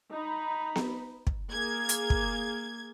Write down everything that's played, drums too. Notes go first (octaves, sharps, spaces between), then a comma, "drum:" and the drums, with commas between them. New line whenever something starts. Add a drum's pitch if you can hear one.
D#4 B5
drum: snare B3
drum: kick
A#3 G#4 G#6
drum: hi-hat
drum: kick